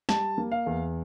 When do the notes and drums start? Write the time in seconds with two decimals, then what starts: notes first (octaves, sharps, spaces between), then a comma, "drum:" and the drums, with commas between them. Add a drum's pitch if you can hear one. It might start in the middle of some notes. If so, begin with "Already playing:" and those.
0.09 G3 A5, drum: snare
0.38 A#3
0.52 F5
0.66 E2